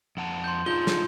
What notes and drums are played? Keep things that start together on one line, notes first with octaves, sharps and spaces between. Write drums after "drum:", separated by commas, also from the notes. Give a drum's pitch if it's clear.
F2 F#5 A5
C6 G6
D4 D#4 F4 G#4 G6 G7
drum: snare